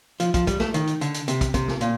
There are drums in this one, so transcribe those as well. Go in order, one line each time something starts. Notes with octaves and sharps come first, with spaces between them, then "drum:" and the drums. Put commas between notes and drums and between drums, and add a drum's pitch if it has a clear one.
F3, drum: hi-hat
F3, drum: kick, hi-hat
G3, drum: kick, hi-hat
A3, drum: snare
D#3, drum: hi-hat
drum: hi-hat
D3, drum: hi-hat
drum: hi-hat
C3, drum: hi-hat
drum: kick, hi-hat
C3, drum: kick, hi-hat
drum: snare
A#2, drum: hi-hat